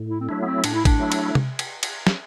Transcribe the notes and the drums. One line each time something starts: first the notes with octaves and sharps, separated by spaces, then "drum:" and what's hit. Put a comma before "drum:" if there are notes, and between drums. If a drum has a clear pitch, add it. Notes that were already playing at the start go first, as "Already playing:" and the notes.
Already playing: A2
E4
C4
F#3 A3 D4 E4
B3
C4
A2 D4, drum: cymbal
E4
D4, drum: kick G#1, cymbal
F#3 A3 E4
drum: cymbal
drum: tom C3
drum: cymbal
drum: cymbal
drum: snare